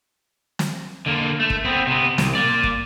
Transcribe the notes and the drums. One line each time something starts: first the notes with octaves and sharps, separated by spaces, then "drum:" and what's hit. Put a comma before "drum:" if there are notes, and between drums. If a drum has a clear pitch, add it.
drum: snare
D3 A#3
A3
drum: kick
B3 C4
C3 B3
C2, drum: snare
A#3 D5
drum: kick